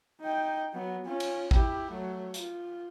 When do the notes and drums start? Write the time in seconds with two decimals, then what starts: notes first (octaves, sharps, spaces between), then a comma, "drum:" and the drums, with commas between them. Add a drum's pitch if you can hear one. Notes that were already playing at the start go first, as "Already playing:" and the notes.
0.21 D#4 G5
0.73 F#3 B3
1.05 C#4 F4
1.20 drum: cymbal
1.51 E4 G4, drum: kick
1.91 F#3 A3
2.34 F4, drum: hi-hat